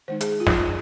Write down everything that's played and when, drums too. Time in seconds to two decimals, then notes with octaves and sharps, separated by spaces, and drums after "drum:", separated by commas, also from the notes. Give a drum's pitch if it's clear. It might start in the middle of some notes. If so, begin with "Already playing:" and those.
0.08 D#3 G#3 D#4 C5
0.21 G#4, drum: hi-hat
0.40 F4
0.47 D#4, drum: snare